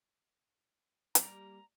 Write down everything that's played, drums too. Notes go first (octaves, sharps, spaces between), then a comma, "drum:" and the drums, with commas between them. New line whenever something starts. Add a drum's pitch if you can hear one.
G3 A#3 G4 A#5, drum: hi-hat